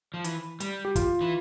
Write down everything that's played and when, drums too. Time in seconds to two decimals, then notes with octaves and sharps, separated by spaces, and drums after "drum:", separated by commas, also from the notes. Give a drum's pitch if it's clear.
0.14 F3
0.24 E3, drum: hi-hat
0.60 G3, drum: hi-hat
0.85 G4
0.96 F4, drum: kick, hi-hat
1.21 E3